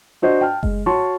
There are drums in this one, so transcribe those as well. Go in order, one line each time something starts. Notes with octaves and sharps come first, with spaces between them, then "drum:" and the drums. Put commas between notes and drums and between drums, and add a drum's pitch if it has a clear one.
D4 F#4 C5 D#5
G5 A5 F6
G#3, drum: kick F#1
F#4 C#5 A5 C6 C#6